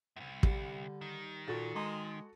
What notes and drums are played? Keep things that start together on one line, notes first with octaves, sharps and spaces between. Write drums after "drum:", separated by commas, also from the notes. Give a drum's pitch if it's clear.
C2 F#2
D3 G3, drum: kick
D#3
A#2 F#4 A4 A6
G#3 A#5 C6